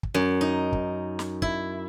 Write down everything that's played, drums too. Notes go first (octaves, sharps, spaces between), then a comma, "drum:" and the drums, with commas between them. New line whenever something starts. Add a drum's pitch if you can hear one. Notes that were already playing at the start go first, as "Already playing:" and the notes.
drum: kick
F#2
D#4
drum: kick
drum: snare
E4, drum: kick